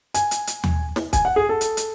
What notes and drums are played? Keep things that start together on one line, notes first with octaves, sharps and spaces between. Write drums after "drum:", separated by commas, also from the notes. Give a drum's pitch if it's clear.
G#5, drum: hi-hat
drum: hi-hat
drum: hi-hat
drum: tom D#2
drum: snare
G#5, drum: kick, hi-hat
F#5
G#4
A4
drum: hi-hat
drum: hi-hat